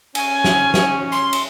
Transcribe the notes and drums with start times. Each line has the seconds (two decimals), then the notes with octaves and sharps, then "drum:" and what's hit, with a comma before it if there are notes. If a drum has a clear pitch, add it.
0.15 C#4 G#5, drum: cymbal
0.44 drum: snare
0.74 drum: snare
1.12 C6
1.33 drum: cymbal